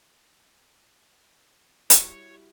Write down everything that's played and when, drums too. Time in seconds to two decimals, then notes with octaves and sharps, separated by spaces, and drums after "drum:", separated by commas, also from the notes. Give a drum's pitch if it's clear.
1.90 G3 E4 F#4 C#5, drum: hi-hat